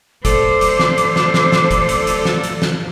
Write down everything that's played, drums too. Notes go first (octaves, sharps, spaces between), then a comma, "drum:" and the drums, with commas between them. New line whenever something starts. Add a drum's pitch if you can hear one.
A3 D4 A4 C5 D6, drum: kick F#1, hi-hat
drum: hi-hat
drum: snare
drum: hi-hat
drum: snare
drum: snare
drum: snare
drum: kick F#1, hi-hat
drum: hi-hat
drum: hi-hat
drum: snare
drum: hi-hat
drum: snare